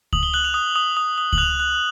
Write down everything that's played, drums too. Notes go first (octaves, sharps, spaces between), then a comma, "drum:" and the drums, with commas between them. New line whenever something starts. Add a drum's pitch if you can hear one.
D#6 F#7, drum: kick C#2
G7
F#6 F#7
F7
D#6
D#6
D#6
D#6
F#7, drum: kick C#2
F#6 F7
F#6